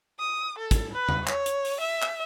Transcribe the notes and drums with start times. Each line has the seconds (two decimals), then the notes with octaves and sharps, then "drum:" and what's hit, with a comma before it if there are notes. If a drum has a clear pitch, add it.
0.19 D#6
0.59 A4
0.71 drum: kick, hi-hat
0.93 B4
1.09 drum: tom
1.27 C#5, drum: clap
1.46 drum: hi-hat
1.65 drum: open hi-hat
1.81 E5
2.02 drum: clap